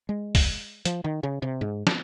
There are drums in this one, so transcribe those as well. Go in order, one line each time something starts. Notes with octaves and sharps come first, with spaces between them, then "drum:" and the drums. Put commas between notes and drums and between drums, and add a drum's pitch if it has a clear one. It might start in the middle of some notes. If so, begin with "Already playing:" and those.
G#3
drum: kick, open hi-hat
F3, drum: hi-hat
D#3
C#3
C3
G#2
drum: snare